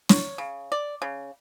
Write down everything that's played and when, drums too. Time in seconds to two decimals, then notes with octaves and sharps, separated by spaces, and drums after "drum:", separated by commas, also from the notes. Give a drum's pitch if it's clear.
0.09 C#5, drum: snare
0.38 C#3
0.72 D5
1.02 C#3